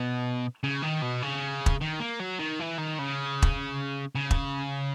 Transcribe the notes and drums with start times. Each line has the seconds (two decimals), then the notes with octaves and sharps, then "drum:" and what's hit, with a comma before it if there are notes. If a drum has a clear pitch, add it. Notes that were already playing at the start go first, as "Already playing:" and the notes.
Already playing: B2
0.64 C#3
0.83 D#3
1.02 B2
1.23 C#3
1.66 drum: kick E1
1.81 D#3
2.00 A#3
2.20 F#3
2.39 D#3
2.60 E3
2.78 D#3
2.99 C#3
3.42 drum: kick E1
4.15 C#3
4.31 drum: kick E1